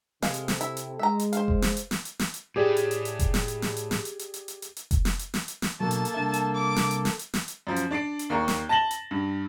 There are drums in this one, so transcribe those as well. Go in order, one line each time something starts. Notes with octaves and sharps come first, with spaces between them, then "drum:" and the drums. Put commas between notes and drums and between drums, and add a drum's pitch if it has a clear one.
C3 G#3 G#4 A4 F5, drum: snare
drum: hi-hat
drum: snare
E4, drum: hi-hat
drum: hi-hat
G#3 E5 A#5
drum: hi-hat
C5 F5, drum: hi-hat
drum: kick F1
drum: snare
drum: hi-hat
drum: snare
drum: hi-hat
drum: snare
drum: hi-hat
A2 A3 G4 G#4 D5
drum: hi-hat
drum: hi-hat
drum: hi-hat
drum: kick F1, hi-hat
drum: snare
drum: hi-hat
drum: snare
drum: hi-hat
drum: snare
drum: hi-hat
drum: hi-hat
drum: hi-hat
drum: hi-hat
drum: hi-hat
drum: hi-hat
drum: kick F1, hi-hat
drum: snare
drum: hi-hat
drum: snare
drum: hi-hat
drum: snare
B2 D3 F#3 A#3 A4 A5
drum: hi-hat
drum: hi-hat
C2 D4 E5
drum: hi-hat
D6
drum: snare
drum: hi-hat
drum: snare
drum: hi-hat
drum: snare
drum: hi-hat
F#2 F3
drum: hi-hat
D4 D5 C7 D7
drum: hi-hat
D#2 A#3 D5 A#5 C#6
drum: snare
A5 A6 A#6 E7 F#7 G7
drum: hi-hat
G2